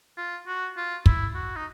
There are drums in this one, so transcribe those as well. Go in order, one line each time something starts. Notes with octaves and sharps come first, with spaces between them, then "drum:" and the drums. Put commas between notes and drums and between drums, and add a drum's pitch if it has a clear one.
F4
F#4
F4
E4, drum: kick
F#4
D#4